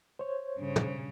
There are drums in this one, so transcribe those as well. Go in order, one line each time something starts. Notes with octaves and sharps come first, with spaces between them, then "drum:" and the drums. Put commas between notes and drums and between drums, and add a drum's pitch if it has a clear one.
C5 C#5
G2 C#3
drum: tom